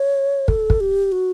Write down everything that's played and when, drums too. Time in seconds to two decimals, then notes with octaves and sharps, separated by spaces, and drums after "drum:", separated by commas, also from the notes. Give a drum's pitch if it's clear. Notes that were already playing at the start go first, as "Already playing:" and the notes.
Already playing: C#5
0.48 A4, drum: kick
0.70 drum: kick
0.80 G4
1.12 F#4